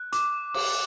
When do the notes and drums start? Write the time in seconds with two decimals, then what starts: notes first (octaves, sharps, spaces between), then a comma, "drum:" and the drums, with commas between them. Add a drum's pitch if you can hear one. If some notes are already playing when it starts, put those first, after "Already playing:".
Already playing: F#6
0.12 D6, drum: hi-hat
0.54 D6, drum: cymbal